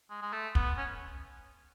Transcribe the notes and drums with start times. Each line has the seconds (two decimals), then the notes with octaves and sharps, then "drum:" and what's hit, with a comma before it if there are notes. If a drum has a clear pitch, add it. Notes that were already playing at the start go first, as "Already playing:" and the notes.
0.10 G#3
0.22 G#3
0.33 A3
0.55 B3, drum: kick
0.77 C#4